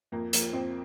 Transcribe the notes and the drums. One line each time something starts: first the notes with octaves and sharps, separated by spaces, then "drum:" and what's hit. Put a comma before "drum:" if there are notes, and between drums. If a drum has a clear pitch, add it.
F2 A#3
F3 A#3, drum: hi-hat
F2 C4